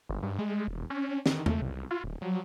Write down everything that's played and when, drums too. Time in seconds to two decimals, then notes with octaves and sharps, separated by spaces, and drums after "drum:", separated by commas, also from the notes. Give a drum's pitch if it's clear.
0.09 G1
0.23 G2
0.39 G#3
0.68 E1
0.90 C#4
1.26 D#3, drum: snare
1.46 A3, drum: tom E2
1.62 C2
1.91 F4
2.04 D1
2.21 F#3